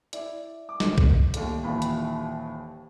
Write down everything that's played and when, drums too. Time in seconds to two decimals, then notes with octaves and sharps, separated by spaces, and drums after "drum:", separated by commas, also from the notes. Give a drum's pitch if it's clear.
0.13 E4 D5, drum: hi-hat
0.69 D6
0.80 drum: snare
0.98 drum: kick C2
1.34 D#2 G3 A3, drum: hi-hat
1.63 D#1 D#2 E3 B5
1.82 drum: hi-hat